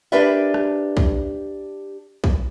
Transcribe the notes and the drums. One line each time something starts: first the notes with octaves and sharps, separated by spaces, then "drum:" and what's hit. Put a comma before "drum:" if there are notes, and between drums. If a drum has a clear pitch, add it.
D4 G4 A#4 B4 D5 E5
drum: rim click
drum: kick
drum: kick